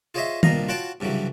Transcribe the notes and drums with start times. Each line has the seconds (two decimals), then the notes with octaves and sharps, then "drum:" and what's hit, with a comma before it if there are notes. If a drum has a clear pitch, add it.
0.15 F4 G#4 C5 C#5 D#5 E5
0.43 C2 G2 A#2 D#5 F5 A#5, drum: tom D#3
0.69 F4 F#4 C#5 F#5 G5 A5
1.00 C2 G2 C#3 E3 F#3